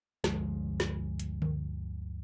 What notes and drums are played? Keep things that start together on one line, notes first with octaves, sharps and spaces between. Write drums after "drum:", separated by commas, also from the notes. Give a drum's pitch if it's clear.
G1 D2 F3 G#3, drum: snare
drum: snare
drum: hi-hat
drum: tom D3